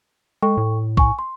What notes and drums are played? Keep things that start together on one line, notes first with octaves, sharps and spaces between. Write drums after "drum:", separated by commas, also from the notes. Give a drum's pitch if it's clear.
G#3 A4 G5 C#6
A2
G#5 C#6, drum: kick
C6